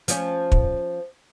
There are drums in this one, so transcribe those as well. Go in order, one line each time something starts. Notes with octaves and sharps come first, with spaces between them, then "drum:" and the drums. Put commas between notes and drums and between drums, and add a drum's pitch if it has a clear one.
F3 C#4, drum: hi-hat
drum: kick